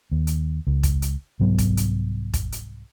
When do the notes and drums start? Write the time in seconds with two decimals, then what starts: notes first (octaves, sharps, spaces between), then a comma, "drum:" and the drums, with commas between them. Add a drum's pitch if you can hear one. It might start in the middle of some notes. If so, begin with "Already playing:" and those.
0.11 D#2
0.27 drum: hi-hat
0.67 C#2
0.83 drum: kick, hi-hat
1.02 drum: hi-hat
1.40 C2 G#2 F#3 B3
1.58 drum: kick, hi-hat
1.77 drum: hi-hat
2.34 drum: kick, hi-hat
2.52 drum: hi-hat